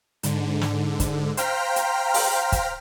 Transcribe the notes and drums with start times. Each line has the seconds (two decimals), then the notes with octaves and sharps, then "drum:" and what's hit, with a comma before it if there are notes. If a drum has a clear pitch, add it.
0.23 G#2 D3, drum: hi-hat
0.61 drum: snare
1.00 drum: kick, hi-hat
1.37 C5 F5 G5 A#5 F6 B6, drum: hi-hat
1.76 drum: hi-hat
2.14 drum: open hi-hat
2.52 drum: kick, hi-hat